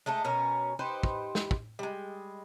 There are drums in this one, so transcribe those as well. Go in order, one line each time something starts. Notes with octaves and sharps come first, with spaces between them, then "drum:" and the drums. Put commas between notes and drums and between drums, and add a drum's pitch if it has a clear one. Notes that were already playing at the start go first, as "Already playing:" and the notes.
G#3 A3 D#4 A4
B2 C#4 A#4
D#4 G4 B4 C5
drum: kick
drum: snare
drum: kick
G3 G#3